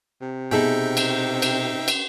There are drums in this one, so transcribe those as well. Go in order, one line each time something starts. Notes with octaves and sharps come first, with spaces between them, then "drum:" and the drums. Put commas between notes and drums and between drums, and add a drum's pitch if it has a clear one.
C3
B2 D#4 G#4 A4 E5 G5
drum: cymbal
drum: cymbal
drum: cymbal